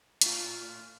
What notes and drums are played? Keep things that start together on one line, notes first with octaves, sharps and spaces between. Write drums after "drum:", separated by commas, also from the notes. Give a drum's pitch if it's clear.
A2 F4, drum: hi-hat